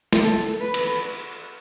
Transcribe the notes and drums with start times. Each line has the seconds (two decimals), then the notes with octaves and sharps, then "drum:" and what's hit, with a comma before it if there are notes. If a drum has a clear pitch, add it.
0.13 drum: snare
0.22 A4
0.61 B4
0.74 drum: cymbal